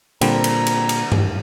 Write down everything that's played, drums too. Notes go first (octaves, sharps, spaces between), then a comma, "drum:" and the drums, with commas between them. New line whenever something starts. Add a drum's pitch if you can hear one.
A#2 D3 G3 C4 A#5, drum: cymbal
drum: cymbal
drum: cymbal
drum: cymbal
drum: tom G2